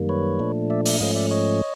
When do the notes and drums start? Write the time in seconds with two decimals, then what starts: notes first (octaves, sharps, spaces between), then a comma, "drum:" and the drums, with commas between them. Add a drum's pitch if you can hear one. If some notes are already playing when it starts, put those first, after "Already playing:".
Already playing: F#2 D#3 G3 A#3
0.09 B4 C#5
0.39 A#2 F3 A3 D4
0.70 D5 E5
0.85 D5 E5, drum: open hi-hat
1.00 G#2 F3 A3 C#4 D#5 F5
1.15 D5 E5
1.31 C#5 D#5